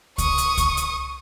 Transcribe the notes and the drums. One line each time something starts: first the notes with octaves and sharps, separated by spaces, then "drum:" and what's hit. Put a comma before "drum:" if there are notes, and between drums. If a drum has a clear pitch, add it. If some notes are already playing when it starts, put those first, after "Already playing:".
C#6 D#6, drum: kick C#2, hi-hat
drum: hi-hat
drum: kick C#2, hi-hat
drum: hi-hat